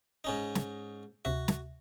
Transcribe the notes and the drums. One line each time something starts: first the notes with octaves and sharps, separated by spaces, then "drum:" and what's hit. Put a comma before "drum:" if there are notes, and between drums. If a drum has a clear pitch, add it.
G#2 C#4 D#4
drum: snare
D2 C3 F#4 E5
drum: snare